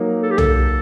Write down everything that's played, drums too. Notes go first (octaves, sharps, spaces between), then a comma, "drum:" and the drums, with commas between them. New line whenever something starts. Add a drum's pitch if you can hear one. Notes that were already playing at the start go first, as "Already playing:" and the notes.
Already playing: F#3 A#3 D#4
A4
G4
A4, drum: tom